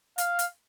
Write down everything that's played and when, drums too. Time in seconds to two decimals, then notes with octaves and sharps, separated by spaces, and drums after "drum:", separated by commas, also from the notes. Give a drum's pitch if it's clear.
0.18 F5, drum: hi-hat
0.39 drum: hi-hat